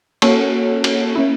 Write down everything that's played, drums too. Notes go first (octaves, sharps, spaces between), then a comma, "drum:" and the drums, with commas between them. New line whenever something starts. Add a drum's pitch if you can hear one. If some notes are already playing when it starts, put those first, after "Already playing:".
A#3 C#4 F#4 A4 C#5, drum: cymbal
drum: cymbal
A#3 C#4 E4